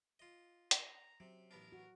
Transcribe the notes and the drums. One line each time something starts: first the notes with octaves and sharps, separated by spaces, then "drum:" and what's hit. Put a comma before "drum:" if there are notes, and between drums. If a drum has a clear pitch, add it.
F4 D#5
A#5, drum: hi-hat
C3 F#3
A1 B3 D4 A#4
F#4